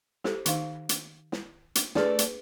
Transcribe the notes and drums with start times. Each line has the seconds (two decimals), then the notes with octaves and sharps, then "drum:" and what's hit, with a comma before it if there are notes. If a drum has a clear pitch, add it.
0.24 G4 A4 C5, drum: snare
0.46 D#3 D#4 F5, drum: hi-hat
0.89 drum: hi-hat
1.32 drum: snare
1.75 drum: hi-hat
1.95 A3 D4 G#4 A4 B4 D5, drum: snare
2.19 drum: hi-hat